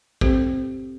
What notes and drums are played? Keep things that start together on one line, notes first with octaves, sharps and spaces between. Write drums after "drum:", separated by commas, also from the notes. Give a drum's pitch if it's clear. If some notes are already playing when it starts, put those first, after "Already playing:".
C4 G4 A4 C5, drum: kick